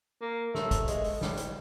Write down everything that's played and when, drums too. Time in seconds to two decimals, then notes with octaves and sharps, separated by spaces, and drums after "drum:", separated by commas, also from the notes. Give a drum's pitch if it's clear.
0.22 A#3
0.55 A3, drum: snare
0.71 drum: kick, hi-hat
0.88 G#3, drum: hi-hat
1.04 drum: open hi-hat
1.21 G3, drum: snare
1.37 drum: hi-hat